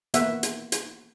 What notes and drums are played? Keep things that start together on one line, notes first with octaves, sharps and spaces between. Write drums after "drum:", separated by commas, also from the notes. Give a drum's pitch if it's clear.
A#3 B3 E5 F#5, drum: hi-hat
drum: hi-hat
drum: hi-hat